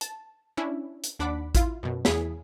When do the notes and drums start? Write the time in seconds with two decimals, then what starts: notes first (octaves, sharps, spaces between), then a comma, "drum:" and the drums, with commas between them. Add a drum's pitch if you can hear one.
0.01 A5, drum: hi-hat
0.57 C#4 D4 E4
1.04 drum: hi-hat
1.19 D#2 D4 F#5 B5 D6 B6
1.55 E4 F4 F5, drum: kick A1, hi-hat
1.83 F#2 B2
2.05 E2 E4 G#4 B6, drum: snare